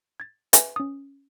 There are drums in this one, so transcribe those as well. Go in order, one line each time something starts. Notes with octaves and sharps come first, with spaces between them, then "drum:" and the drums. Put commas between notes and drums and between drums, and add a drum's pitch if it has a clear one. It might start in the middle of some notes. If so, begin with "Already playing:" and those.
G#6 A6
B4 E5 G#5 A#6, drum: hi-hat
C#4 D#6